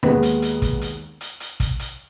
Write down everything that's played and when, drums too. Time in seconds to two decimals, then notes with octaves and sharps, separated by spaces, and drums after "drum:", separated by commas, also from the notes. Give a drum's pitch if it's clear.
0.03 D#2 D#3 G#3 B3, drum: rim click
0.23 drum: hi-hat
0.42 drum: hi-hat
0.62 drum: kick, hi-hat
0.81 drum: hi-hat
1.21 drum: hi-hat
1.40 drum: hi-hat
1.60 drum: kick, hi-hat
1.79 drum: hi-hat